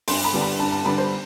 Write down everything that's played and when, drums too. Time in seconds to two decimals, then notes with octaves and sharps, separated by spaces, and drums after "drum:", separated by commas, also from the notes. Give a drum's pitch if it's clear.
0.08 G2 C6, drum: open hi-hat
0.24 B5
0.33 D3 G3 B3 D4
0.41 B5
0.59 G2 A5
0.72 A5
0.85 D3 G3 B3 D4 B5
0.98 C5